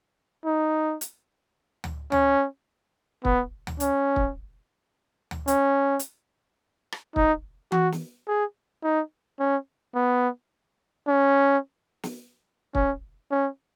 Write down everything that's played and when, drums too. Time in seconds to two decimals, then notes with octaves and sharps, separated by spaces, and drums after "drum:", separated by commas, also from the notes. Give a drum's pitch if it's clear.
0.45 D#4
1.01 drum: hi-hat
1.84 drum: tom D2
2.12 C#4, drum: tom D2
3.25 B3, drum: kick
3.67 drum: tom D2
3.80 C#4, drum: hi-hat
4.16 drum: kick
5.31 drum: tom D2
5.48 C#4, drum: hi-hat
5.99 drum: hi-hat
6.92 drum: rim click
7.16 D#4, drum: kick
7.72 F#4, drum: tom E3
7.92 drum: snare
8.28 G#4
8.84 D#4
9.40 C#4
9.95 B3
11.07 C#4
12.03 drum: snare
12.75 C#4, drum: kick
13.31 C#4